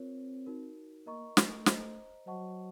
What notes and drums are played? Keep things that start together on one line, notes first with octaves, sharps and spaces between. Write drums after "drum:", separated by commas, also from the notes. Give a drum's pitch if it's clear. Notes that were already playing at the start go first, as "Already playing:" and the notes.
Already playing: C4 F4 A#4 C#5
D#4 F#4 A#4
A#3 A#4 D#5 A#5 C#6
A3, drum: snare
C5 D#5 A#5, drum: snare
F#3 C5 D#5 F#5 A5 C#6